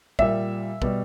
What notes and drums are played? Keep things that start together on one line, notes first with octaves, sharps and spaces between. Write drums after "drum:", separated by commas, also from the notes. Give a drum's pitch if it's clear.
A#2 G3 E5, drum: kick
B2 G3, drum: kick